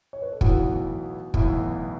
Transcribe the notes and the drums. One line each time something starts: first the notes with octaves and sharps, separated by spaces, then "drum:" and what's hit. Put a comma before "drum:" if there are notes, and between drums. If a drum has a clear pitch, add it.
C#5
B4
A4
B1 A2 E3 B3 E4 F#4, drum: kick
B1 A2 E3 B3 E4, drum: kick